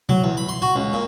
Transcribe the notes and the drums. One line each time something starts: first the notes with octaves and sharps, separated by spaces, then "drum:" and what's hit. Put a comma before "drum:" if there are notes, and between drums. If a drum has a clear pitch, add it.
F#3, drum: tom C3
E2
B5
C6
F#4
C#2
A#2